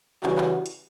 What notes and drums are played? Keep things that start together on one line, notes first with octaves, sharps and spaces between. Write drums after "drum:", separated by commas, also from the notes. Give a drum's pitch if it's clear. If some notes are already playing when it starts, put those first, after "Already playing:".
C#3 E3 G3 F#4, drum: clap
drum: clap
drum: hi-hat